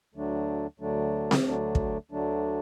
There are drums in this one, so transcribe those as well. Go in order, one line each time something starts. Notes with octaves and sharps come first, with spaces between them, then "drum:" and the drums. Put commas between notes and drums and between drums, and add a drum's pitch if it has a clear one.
D2 D3 F#3 A3 D4
D2 D3 F#3 A3 D4
drum: snare C4
D2 D3 F#3 A3 D4
drum: kick
D2 D3 F#3 A3 D4